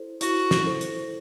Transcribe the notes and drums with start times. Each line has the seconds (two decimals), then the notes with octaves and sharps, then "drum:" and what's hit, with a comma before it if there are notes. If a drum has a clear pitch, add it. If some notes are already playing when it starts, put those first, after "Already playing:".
Already playing: E4 A4 C5
0.21 E4 F#4, drum: hi-hat
0.51 drum: snare
0.66 A4 C5
0.81 drum: hi-hat